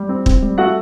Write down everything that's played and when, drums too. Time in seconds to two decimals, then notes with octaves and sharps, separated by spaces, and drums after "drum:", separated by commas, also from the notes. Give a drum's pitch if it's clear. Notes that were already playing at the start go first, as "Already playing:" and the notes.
Already playing: G3
0.09 C4
0.26 C4, drum: kick
0.42 G3
0.58 A3 F#4 F#5